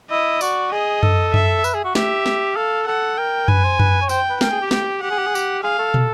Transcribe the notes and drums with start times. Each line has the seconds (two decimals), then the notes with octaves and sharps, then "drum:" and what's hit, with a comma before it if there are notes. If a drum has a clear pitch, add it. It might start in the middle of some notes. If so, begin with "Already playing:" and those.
0.10 E4 D#5
0.41 F#4 D5, drum: tambourine
0.72 G#4 D#5
1.03 A4, drum: tom F#2
1.34 E5, drum: tom F#2
1.64 B4, drum: tambourine
1.74 G#4
1.84 F#4
1.95 G4 E5, drum: snare
2.26 drum: snare
2.56 A4 F5
2.87 A4 F#5
3.17 A#4 G5
3.48 B4 G#5, drum: tom F#2
3.64 C5
3.79 B4, drum: tom F#2
4.02 C#5
4.09 C5 G5, drum: tambourine
4.30 B4
4.41 A#4 G5, drum: snare
4.51 G#4
4.62 G4
4.71 G5, drum: snare
5.01 G4 F#5
5.10 G#4
5.18 G4
5.27 G#4
5.35 G4, drum: tambourine
5.63 G#4 F5
5.79 A4
5.94 drum: tom